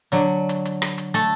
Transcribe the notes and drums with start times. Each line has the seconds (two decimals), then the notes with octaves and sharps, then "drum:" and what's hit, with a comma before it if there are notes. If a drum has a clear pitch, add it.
0.12 D3 F#3
0.49 drum: hi-hat
0.65 drum: hi-hat
0.82 drum: rim click
0.98 drum: hi-hat
1.14 A3 A4, drum: hi-hat